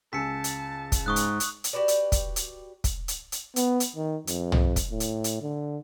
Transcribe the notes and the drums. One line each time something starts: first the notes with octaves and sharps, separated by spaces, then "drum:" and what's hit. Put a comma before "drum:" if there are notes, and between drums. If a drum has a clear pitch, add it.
C#2 G#5 A5 E6 B6 C#7
drum: hi-hat
drum: kick, hi-hat
G#2 C#6 D#6 F#6
drum: hi-hat
drum: hi-hat
drum: hi-hat
F#4 G4 B4 D5
drum: hi-hat
drum: kick, hi-hat
drum: hi-hat
drum: kick, hi-hat
drum: hi-hat
drum: hi-hat
B3, drum: hi-hat
drum: hi-hat
D#3
F2, drum: hi-hat
drum: tom
drum: kick, hi-hat
A2
drum: hi-hat
drum: hi-hat
D3